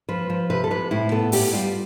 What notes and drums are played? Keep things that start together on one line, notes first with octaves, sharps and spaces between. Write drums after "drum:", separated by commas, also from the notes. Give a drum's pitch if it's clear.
F3 B4
F3
C3 B4
A4
C3 B4
A2 E4
B3 A4
B3 G4, drum: open hi-hat
G3 F4